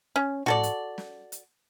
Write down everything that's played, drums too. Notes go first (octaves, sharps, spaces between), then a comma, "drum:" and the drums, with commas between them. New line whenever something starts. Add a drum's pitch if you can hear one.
C#4
F#4 A4 D5, drum: tom
drum: hi-hat
drum: snare
drum: hi-hat